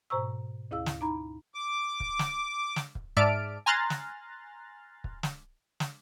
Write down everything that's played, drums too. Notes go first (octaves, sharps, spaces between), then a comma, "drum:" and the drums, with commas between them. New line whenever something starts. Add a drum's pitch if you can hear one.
G#2 B2 C5 A#5 C#6 E6
D2 E4 G#4 F5 E6
drum: snare
D#4 A#5 B5
D6
drum: kick
drum: snare
drum: snare
drum: kick
G#2 D5 E5 A5 F6 D7
G#5 A#5 C6 F6 F#6 A6
drum: snare
drum: kick
drum: snare
drum: snare